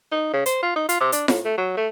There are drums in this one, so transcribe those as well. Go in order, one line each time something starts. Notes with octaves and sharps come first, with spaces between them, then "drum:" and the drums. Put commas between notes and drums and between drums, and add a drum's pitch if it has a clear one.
D#4
C#3
C5, drum: hi-hat
F4
D#4
F4, drum: hi-hat
C3
D4, drum: hi-hat
A2, drum: snare F4
A3
F#3
A3